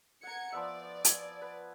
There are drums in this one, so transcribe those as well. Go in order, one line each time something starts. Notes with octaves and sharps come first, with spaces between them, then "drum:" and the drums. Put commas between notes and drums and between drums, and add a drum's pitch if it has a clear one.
F#5 A#5 G#6 C#7
F3 B3 D5 E5
G#5, drum: hi-hat
B4